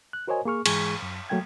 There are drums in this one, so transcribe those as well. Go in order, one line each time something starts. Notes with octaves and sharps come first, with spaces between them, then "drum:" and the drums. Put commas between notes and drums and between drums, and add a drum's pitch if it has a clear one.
F#6
F#4 A#4 C5 C#5 D#5 G#5
A#3 G#4 C#6 F6
G#2 E3 G#3 G#4 C#6 G#6, drum: cymbal
F#2
F#3 A3 A#3 G5 G#6